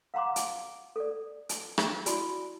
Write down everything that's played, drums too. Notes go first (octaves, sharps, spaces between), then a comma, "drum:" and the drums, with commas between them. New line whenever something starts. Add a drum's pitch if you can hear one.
F5 F#5 A#5 C6 D6
drum: hi-hat
A4 D5
drum: hi-hat
drum: rim click
E4 F#4 D5 B5 C6, drum: hi-hat